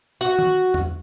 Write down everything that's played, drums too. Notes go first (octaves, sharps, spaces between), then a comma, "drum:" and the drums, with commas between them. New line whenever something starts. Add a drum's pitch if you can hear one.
F#4
drum: tom D#3
drum: tom E2